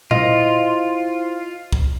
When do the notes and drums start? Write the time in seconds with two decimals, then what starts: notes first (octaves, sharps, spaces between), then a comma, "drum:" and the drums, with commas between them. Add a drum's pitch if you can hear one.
0.11 E4 F4 C5 D#5, drum: tom A#2
1.73 drum: kick C2